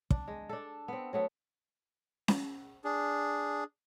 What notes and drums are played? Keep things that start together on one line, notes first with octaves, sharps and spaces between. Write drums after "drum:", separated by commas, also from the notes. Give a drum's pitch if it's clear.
D4, drum: kick
G#3
D4 A4
B3 C4
F#3 A3 B3
drum: snare C#4
D4 G#4